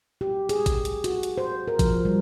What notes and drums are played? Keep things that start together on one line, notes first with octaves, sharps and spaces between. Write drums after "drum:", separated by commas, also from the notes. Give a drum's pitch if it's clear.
G4
G#4, drum: hi-hat
drum: kick A1, hi-hat
drum: hi-hat
F#4, drum: hi-hat
drum: hi-hat
C5
A#4
F3, drum: kick A1, hi-hat
G3